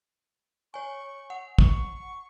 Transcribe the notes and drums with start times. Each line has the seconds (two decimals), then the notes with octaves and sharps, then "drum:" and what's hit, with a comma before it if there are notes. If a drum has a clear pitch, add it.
0.74 C#5 G#5 C#6
1.30 F#5
1.59 C#6, drum: kick